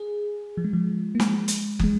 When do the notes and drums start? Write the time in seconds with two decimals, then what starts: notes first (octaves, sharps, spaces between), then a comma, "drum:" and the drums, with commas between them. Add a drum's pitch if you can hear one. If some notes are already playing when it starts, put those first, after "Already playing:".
Already playing: G#4
0.57 F3
0.64 G#3
0.73 F3
1.15 A#3
1.20 G#3, drum: snare
1.48 drum: hi-hat
1.79 F3, drum: kick
1.84 G#3